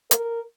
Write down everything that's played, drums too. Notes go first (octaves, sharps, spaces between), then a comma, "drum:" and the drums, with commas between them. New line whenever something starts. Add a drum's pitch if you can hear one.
A#4, drum: hi-hat